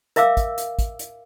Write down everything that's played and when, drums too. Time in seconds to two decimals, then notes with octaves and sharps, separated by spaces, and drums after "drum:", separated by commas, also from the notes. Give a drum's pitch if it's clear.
0.16 A#4 E5 F5 D6 E6, drum: hi-hat
0.37 drum: kick, hi-hat
0.58 drum: hi-hat
0.79 drum: kick, hi-hat
0.99 drum: hi-hat